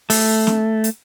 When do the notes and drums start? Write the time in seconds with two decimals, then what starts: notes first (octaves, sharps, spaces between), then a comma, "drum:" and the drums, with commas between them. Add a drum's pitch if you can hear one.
0.10 A3, drum: open hi-hat
0.47 drum: snare C4
0.84 drum: hi-hat